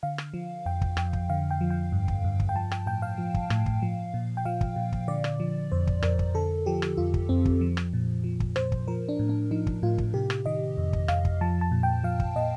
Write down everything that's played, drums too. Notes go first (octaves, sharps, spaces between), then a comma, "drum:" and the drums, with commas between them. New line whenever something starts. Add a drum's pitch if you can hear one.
D3 F5
drum: rim click
F3
F2 G5
drum: kick
F2 G5, drum: rim click
drum: kick
D3 F5
G5
F3
G5
G2
drum: kick
G2
drum: kick
G5
F3 A5
G5, drum: rim click
A2 G5
F5
F3
drum: kick
A2, drum: rim click
drum: kick
F3
A#2
G5
F3 F5
drum: kick
A#2
drum: kick
D3 D5
drum: rim click
F3
F2 C5
drum: kick
F2 A#4, drum: rim click
drum: kick
D3 A4
F3 G4
drum: rim click
F2 F4
drum: kick
F2 C4
drum: kick
F3
drum: rim click
A#2
F3
drum: kick
A#2 C5, drum: rim click
drum: kick
F3 A#4
D4
A2
D4
F3 D#4
drum: kick
A2 F4
drum: kick
C3 G4
drum: rim click
D#3 D#5
F2
drum: kick
F2 F5, drum: rim click
drum: kick
F3 A5
A5
A#2
G5
F3 F5
drum: kick
A#2 D#5